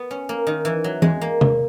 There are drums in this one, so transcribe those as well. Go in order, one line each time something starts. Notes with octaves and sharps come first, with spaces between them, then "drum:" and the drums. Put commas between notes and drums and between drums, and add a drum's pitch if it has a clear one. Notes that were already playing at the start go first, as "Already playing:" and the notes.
Already playing: B3
C#4
A#3
D#3
E3
F#3
G#3, drum: tom E3
A#3
drum: tom C3